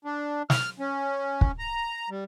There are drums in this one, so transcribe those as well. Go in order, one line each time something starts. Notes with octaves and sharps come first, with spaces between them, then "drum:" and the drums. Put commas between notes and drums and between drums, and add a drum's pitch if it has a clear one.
D4
F6, drum: snare
C#4
drum: kick
A#5
G3